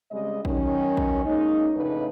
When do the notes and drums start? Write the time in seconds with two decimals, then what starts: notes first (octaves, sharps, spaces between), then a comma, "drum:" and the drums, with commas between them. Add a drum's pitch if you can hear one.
0.11 C#3 G3 G#3 C4 D#5
0.45 D#3 F#3 C#4, drum: kick A#1
0.97 drum: kick A#1
1.25 G#3 A#3 C#4 D#4
1.75 F2 A2 C#3 D4 D#4 B4